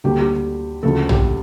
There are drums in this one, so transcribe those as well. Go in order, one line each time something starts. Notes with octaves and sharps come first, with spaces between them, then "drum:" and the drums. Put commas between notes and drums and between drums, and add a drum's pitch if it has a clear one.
D2 D3 G3 A#3 G4
G4
D2 C#3 F3 A3 A4
G4, drum: tom A#1